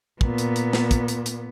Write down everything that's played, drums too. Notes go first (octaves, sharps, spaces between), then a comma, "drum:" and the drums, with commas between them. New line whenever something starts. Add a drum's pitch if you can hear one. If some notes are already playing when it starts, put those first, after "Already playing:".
A#2 B3, drum: kick
drum: hi-hat
drum: hi-hat
drum: snare
drum: kick, hi-hat
drum: hi-hat
drum: hi-hat